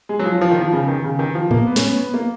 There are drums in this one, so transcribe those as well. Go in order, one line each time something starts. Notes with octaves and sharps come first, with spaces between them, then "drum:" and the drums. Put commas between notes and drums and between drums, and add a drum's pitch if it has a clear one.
G#3
F#3
F3
F3
D#3
F3
C#3
D#3
C#3
D#3
F3
A#3, drum: tom A2
B3
C#4, drum: snare
B3
B3
A#3